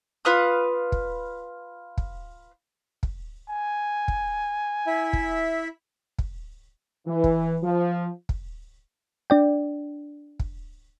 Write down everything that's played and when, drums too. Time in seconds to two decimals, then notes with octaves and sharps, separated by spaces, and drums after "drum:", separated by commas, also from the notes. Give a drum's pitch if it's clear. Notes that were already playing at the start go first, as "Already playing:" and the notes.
0.25 F4 B4 F5 D#6
0.92 drum: kick
1.98 drum: kick
3.03 drum: kick
3.50 G#5
4.08 drum: kick
4.87 E4 E5
5.13 drum: kick
6.18 drum: kick
7.07 E3
7.24 drum: kick
7.63 F3
8.29 drum: kick
9.30 D4 D5 G5
10.39 drum: kick